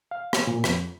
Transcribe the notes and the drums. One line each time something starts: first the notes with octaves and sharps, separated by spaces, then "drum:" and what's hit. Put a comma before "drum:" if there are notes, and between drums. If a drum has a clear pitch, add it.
F5
drum: rim click
A#2
F2, drum: rim click